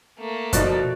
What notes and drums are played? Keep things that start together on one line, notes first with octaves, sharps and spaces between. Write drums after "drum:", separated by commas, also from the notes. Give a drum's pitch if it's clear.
A3 A#3
B2 F3 D#4 F#4 D5, drum: kick F#2, hi-hat